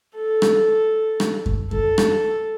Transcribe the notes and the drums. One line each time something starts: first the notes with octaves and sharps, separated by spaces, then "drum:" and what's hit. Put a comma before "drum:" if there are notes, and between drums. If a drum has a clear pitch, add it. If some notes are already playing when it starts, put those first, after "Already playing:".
A4
drum: rim click
drum: rim click
drum: kick F#2
A4, drum: kick F#2
drum: rim click